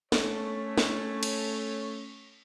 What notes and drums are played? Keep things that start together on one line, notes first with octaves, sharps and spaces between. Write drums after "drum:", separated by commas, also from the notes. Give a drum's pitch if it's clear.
A3 C#4 C#5, drum: snare
drum: snare
drum: cymbal